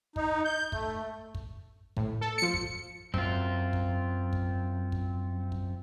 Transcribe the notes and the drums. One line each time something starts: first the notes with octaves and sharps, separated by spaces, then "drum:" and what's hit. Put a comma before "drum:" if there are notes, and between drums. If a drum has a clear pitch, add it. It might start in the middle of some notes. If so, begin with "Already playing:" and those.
D#4, drum: kick
G6
A3, drum: kick
drum: kick
A2, drum: kick
A4
F3 C#7
drum: kick
F#2 C4 F4, drum: kick
drum: kick
drum: kick
drum: kick
drum: kick